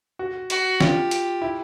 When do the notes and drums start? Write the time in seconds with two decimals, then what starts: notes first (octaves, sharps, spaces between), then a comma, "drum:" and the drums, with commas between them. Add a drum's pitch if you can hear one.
0.19 F#4
0.50 F#4, drum: hi-hat
0.80 F4 G4, drum: snare
1.11 drum: hi-hat
1.42 E4